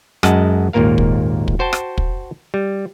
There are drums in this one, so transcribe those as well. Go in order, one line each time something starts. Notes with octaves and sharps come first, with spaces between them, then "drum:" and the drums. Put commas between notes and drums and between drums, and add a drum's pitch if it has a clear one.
F#2 G#3 D#5 F#5 A5, drum: rim click
G#1 D#2 A#2 A#3 A#4 F5
drum: kick
drum: kick
F#4 C5 G5 A5
drum: rim click
drum: kick
G3